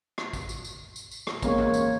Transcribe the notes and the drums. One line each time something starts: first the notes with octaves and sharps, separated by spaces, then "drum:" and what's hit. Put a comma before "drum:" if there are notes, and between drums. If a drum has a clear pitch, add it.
drum: rim click
drum: kick A1, tambourine
drum: tambourine
drum: tambourine
drum: tambourine
drum: tambourine
drum: rim click
G#3 A#3 C#5 F5, drum: kick A1, tambourine
drum: tom
drum: tambourine